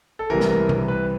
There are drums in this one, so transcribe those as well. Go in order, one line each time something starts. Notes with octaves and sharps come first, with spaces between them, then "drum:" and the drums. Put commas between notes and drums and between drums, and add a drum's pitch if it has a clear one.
A4
C2 C3 E3 A#4
drum: snare
A#4
drum: tom C3
B4